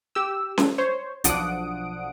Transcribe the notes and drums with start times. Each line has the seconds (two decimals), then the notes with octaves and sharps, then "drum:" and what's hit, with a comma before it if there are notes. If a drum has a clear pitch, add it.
0.15 G4 E6
0.58 drum: snare C#4
0.78 C5 C#5
1.24 B1 F3 D4 F#5 D#6 D7, drum: hi-hat